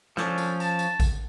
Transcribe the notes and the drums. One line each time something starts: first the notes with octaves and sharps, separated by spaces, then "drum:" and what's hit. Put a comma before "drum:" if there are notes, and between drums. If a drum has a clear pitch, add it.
F3 C#4 D4 A4, drum: snare
drum: tambourine
A5, drum: tambourine
drum: tambourine
drum: kick A1, tambourine